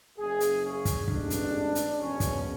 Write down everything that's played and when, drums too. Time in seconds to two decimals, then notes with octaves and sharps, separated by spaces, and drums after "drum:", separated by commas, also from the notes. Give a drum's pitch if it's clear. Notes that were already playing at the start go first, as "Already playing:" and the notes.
0.18 F#1 F#2 C#3 G#4
0.40 drum: hi-hat
0.62 C#4
0.85 drum: kick, hi-hat
1.08 A1 G#2 G#3 B3 D4, drum: kick
1.30 drum: hi-hat
1.75 drum: hi-hat
1.98 F#1 E2 B2 C#4
2.20 drum: kick, hi-hat